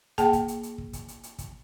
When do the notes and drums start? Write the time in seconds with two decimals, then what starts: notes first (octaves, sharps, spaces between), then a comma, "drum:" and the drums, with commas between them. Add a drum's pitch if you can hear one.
0.18 A#3 G#4 G5 A5, drum: kick, hi-hat
0.33 drum: kick, hi-hat
0.48 drum: hi-hat
0.63 drum: hi-hat
0.78 drum: kick
0.93 drum: kick, hi-hat
1.08 drum: hi-hat
1.23 drum: hi-hat
1.38 drum: kick, hi-hat